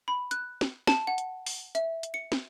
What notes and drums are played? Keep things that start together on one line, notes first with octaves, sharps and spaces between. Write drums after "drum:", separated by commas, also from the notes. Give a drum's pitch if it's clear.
B5
F#6, drum: hi-hat
drum: snare
A5, drum: snare
F#5
drum: hi-hat
drum: open hi-hat
E5, drum: hi-hat
drum: hi-hat
C#7
drum: snare